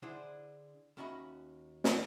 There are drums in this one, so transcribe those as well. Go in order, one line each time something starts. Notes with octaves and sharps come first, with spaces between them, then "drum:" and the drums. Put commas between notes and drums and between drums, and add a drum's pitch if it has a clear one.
D3 D4 E4 G#4 C5
D#2 C#4 F#4 D#5 E5 B5
drum: snare